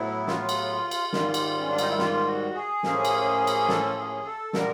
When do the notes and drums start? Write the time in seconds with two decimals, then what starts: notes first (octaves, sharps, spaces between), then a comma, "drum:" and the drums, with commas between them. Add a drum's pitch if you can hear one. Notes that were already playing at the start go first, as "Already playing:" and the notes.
Already playing: A2 F#3 B3 E4
0.27 F4, drum: snare
0.49 drum: cymbal
0.91 drum: cymbal
1.13 G#2 D#3 G3, drum: snare
1.34 drum: cymbal
1.59 C#4
1.69 D4
1.78 D#4, drum: cymbal
1.89 E4
1.98 F4, drum: snare
2.27 F#4
2.55 G#4
2.83 A2 F3 A#3 C#4, drum: snare
3.05 drum: cymbal
3.47 drum: cymbal
3.69 A4, drum: snare
3.97 G#4
4.26 A4
4.53 A#2 G3 B3 A#4, drum: snare